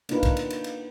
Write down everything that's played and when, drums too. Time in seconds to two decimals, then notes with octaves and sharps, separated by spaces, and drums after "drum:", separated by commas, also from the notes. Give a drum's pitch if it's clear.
0.09 A#3 D4 D#4 F4 A#4 B4, drum: cymbal
0.23 drum: kick, cymbal
0.37 drum: cymbal
0.50 drum: cymbal
0.64 drum: cymbal